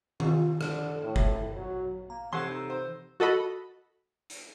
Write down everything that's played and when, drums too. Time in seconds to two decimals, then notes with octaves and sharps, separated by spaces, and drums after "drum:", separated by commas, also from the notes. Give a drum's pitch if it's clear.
0.20 F4, drum: tom D#3
0.61 D3, drum: rim click
1.04 A2
1.16 drum: kick F#1
1.56 F#3
2.10 A#3 A#5
2.33 C3 E3 A4 C#5 F#5 C6 E6
2.50 D#4
2.70 C5
3.20 F#4 A4 D#5 B5
4.30 drum: hi-hat